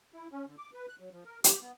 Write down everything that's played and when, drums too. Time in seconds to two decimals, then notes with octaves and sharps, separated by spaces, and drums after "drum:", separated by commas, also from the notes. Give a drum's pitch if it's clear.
0.13 E4
0.32 C#4
0.47 D3
0.58 D6
0.74 B4
0.89 F#6
1.00 F#3
1.12 F3
1.25 A#4
1.44 G4, drum: hi-hat
1.61 B3